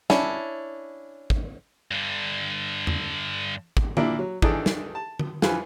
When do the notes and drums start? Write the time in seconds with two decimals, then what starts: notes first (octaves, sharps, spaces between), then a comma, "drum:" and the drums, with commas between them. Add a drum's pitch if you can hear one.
0.10 C#4 D4 E4, drum: snare
1.30 drum: kick
1.91 G2 D3
2.87 drum: tom E2
3.77 drum: kick
3.97 A#2 A#3 D4 E4, drum: tom
4.19 F#3
4.42 D#3 E3 D4 D#4 G#4 A4, drum: kick
4.66 drum: snare
4.95 A5
5.19 drum: tom
5.42 F2 E3 F4 B4 G#5, drum: snare